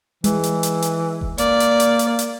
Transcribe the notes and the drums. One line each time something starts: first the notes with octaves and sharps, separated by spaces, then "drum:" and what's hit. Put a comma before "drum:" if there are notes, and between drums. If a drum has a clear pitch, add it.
E3 G#3, drum: hi-hat
drum: hi-hat
drum: hi-hat
drum: hi-hat
drum: kick F1
A#3 D5, drum: hi-hat
drum: hi-hat
drum: hi-hat
drum: hi-hat
drum: hi-hat